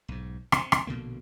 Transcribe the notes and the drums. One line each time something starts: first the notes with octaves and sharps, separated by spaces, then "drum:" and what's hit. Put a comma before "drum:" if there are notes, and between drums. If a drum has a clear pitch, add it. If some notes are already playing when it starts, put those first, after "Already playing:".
B1 G#2
C3, drum: rim click
drum: rim click
A#1 B2 D3 A#3